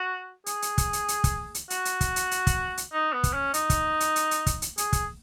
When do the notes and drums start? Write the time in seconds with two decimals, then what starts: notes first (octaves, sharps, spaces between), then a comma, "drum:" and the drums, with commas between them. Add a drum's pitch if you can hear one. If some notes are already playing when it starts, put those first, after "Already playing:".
Already playing: F#4
0.46 G#4, drum: hi-hat
0.62 drum: hi-hat
0.78 drum: kick, hi-hat
0.93 drum: hi-hat
1.08 drum: hi-hat
1.24 drum: kick, hi-hat
1.55 drum: hi-hat
1.70 F#4, drum: hi-hat
1.85 drum: hi-hat
2.01 drum: kick, hi-hat
2.16 drum: hi-hat
2.31 drum: hi-hat
2.47 drum: kick, hi-hat
2.77 drum: hi-hat
2.93 D#4
3.13 B3
3.24 drum: kick, hi-hat
3.34 C#4
3.54 D#4, drum: hi-hat
3.70 drum: kick, hi-hat
4.00 drum: hi-hat
4.16 drum: hi-hat
4.31 drum: hi-hat
4.46 drum: kick, hi-hat
4.62 drum: hi-hat
4.78 G#4, drum: hi-hat
4.93 drum: kick, hi-hat